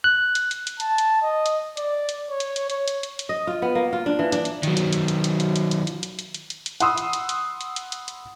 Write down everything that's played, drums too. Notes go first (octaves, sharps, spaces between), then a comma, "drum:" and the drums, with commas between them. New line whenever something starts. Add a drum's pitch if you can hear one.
F#6
drum: hi-hat
drum: hi-hat
drum: hi-hat
A5, drum: hi-hat
drum: hi-hat
D#5
drum: hi-hat
D5, drum: hi-hat
drum: hi-hat
C#5
drum: hi-hat
drum: hi-hat
C#5, drum: hi-hat
drum: hi-hat
drum: hi-hat
drum: hi-hat
D#5
F4
B3
A#3
F4
D4
E3
D4, drum: hi-hat
drum: hi-hat
D#3 F#3, drum: hi-hat
drum: hi-hat
drum: hi-hat
drum: hi-hat
drum: hi-hat
drum: hi-hat
drum: hi-hat
drum: hi-hat
drum: hi-hat
drum: hi-hat
drum: hi-hat
drum: hi-hat
drum: hi-hat
drum: hi-hat
F#5 B5 C6 D#6 E6, drum: hi-hat
drum: hi-hat
drum: hi-hat
drum: hi-hat
drum: hi-hat
drum: hi-hat
drum: hi-hat
drum: hi-hat